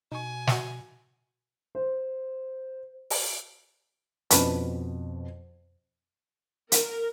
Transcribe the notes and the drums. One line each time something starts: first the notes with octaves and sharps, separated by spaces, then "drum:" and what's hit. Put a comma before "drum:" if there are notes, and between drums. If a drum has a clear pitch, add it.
B2 D#4 G#5 C#6
F#4 E5, drum: snare
C5
drum: open hi-hat
F2 B2 C#4 D4 B4, drum: hi-hat
A#4, drum: hi-hat